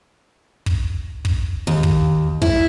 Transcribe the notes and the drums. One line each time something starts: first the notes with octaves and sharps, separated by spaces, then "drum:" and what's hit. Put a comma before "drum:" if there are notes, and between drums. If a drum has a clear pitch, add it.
drum: kick
drum: kick
D#2
drum: kick
E4, drum: kick